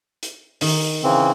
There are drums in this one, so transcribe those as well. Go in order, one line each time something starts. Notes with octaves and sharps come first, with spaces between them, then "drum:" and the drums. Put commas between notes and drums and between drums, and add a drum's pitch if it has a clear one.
drum: hi-hat
D#3 D#4, drum: open hi-hat
C#3 E3 C4